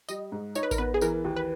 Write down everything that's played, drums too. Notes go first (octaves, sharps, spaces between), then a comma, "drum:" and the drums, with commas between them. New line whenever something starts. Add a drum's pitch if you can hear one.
G3 D#5, drum: tambourine
G#2
D#4 C#5, drum: tambourine
B4
A#4, drum: kick A1, tambourine
B3 B4
G#4
E3 A#4, drum: tambourine
D#2
B4